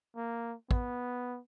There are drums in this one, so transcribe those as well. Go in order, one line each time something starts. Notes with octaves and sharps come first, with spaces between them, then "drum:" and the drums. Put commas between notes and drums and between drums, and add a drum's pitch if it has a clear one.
A#3
B3, drum: kick